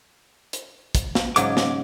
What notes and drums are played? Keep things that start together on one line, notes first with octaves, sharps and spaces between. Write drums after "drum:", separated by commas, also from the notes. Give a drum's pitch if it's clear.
drum: hi-hat
drum: kick, hi-hat
drum: snare
G#2 C#3 F#3 D6, drum: hi-hat
drum: snare